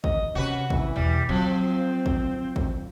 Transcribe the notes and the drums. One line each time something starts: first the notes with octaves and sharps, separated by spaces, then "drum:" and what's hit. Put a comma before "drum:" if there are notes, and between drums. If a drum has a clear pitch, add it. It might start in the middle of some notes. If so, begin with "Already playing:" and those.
D#5, drum: kick
C3 C#4 F#4 B4
E3, drum: kick
E2 B2 G3
F3 F#3 C4
drum: kick
drum: kick